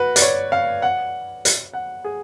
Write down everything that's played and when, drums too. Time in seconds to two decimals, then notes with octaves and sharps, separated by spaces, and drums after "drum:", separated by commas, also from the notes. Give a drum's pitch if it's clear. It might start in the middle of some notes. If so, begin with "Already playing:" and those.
Already playing: F#4 B4
0.16 D5, drum: hi-hat
0.22 C#5
0.52 F5
0.82 F#5
1.45 drum: hi-hat
1.73 F#5
2.04 G#4